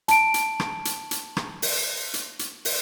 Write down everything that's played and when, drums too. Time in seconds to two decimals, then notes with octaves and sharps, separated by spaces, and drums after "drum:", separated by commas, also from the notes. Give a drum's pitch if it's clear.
0.08 A5 D7, drum: hi-hat
0.34 drum: hi-hat
0.60 drum: rim click
0.85 drum: hi-hat
1.11 drum: hi-hat
1.37 drum: rim click
1.62 drum: open hi-hat
2.14 drum: hi-hat
2.39 drum: hi-hat
2.65 drum: open hi-hat